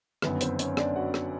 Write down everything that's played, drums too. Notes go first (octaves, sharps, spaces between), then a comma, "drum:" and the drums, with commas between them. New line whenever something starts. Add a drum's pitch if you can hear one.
G1 F#2 D#3 B3 B4, drum: rim click
C4 C5, drum: hi-hat
C#4 C#5, drum: hi-hat
D4 D5, drum: rim click
F#4 F#5
drum: rim click